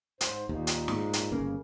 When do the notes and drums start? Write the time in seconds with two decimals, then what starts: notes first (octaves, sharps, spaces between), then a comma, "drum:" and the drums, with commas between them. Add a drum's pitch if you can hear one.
0.21 G#2 C5, drum: hi-hat
0.49 D#2 A#2 A#3 D#4
0.67 drum: hi-hat
0.88 G#2, drum: snare
1.13 drum: hi-hat
1.32 G1 C#3 A#3